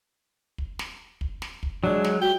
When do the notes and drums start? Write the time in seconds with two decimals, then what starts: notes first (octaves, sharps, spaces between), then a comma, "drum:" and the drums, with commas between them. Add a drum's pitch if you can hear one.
0.58 drum: kick
0.79 drum: snare
1.21 drum: kick
1.42 drum: snare
1.63 drum: kick
1.84 F#3 G#3 D4
2.04 drum: snare
2.22 F#4 G5